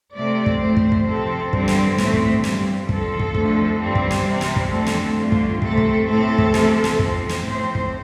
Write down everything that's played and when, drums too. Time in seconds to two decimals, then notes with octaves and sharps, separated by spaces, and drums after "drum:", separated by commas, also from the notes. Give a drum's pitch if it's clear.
0.16 C3 A3 C4 D5
0.46 drum: kick
0.62 A2 A3 C4 C5
0.77 drum: kick
0.92 drum: kick
1.07 C3 F3 C4 A4
1.53 G2 D3 G3 C4, drum: kick
1.68 drum: snare
1.98 A2 A3 C4, drum: snare
2.13 drum: kick
2.44 G2 G3 C4, drum: snare
2.89 G2 F3 C4 A4, drum: kick
3.20 drum: kick
3.35 F2 D3 F3 A3, drum: kick
3.80 G2 G3 C4
3.95 drum: kick
4.11 drum: snare
4.26 C3 G3 C4
4.41 drum: snare
4.56 drum: kick
4.71 F2 D3 A3 C4 A4
4.86 drum: snare
5.17 G2 D3 A3 C4 F4
5.32 drum: kick
5.62 C3 A3 C4 A4, drum: kick
5.78 drum: kick
6.08 A2 A3 C4 A4
6.38 drum: kick
6.54 C3 F3 A3, drum: snare
6.84 drum: snare
6.99 F2 F3 C4, drum: kick
7.29 drum: snare
7.44 A2 F3 C4 C5
7.75 drum: kick